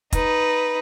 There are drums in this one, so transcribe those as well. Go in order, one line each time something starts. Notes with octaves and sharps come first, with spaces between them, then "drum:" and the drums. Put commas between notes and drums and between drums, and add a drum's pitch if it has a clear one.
D#4 B4, drum: kick, hi-hat